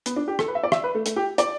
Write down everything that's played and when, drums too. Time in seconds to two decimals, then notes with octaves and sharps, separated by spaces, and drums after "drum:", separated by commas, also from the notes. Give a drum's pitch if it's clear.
0.06 B3, drum: hi-hat
0.16 D4
0.28 G4
0.39 A4, drum: rim click
0.48 B4
0.55 E5
0.63 D5
0.72 E5, drum: rim click
0.84 B4
0.95 A3
1.06 A3, drum: hi-hat
1.16 G4
1.38 D5, drum: hi-hat